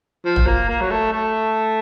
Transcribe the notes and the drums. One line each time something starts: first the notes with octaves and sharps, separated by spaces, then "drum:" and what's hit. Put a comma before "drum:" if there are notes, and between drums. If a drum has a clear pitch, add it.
F3
drum: tom
A#3
A#3
F#3
A3
A3